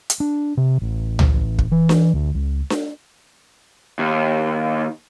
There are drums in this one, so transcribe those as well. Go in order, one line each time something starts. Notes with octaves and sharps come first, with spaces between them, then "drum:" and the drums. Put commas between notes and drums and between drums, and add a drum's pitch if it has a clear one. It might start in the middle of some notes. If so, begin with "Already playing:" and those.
drum: hi-hat
D4
C3
A1
drum: tom C#2
drum: kick
E3
drum: snare D4
D2
C#2
drum: snare D4
D#2